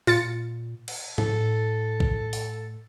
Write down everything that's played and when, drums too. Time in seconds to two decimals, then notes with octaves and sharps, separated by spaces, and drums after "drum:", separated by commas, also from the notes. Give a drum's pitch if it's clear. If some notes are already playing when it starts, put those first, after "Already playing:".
0.07 A#2 F4 A6 C#7, drum: open hi-hat
0.88 drum: cymbal
1.18 A2 A4, drum: tom A2
2.00 drum: kick
2.33 drum: open hi-hat